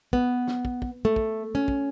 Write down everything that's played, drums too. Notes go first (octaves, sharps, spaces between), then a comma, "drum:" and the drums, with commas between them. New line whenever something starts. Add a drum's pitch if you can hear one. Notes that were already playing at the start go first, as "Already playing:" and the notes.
B3, drum: kick
drum: snare
drum: kick
drum: kick
A3
drum: kick
C#4
drum: kick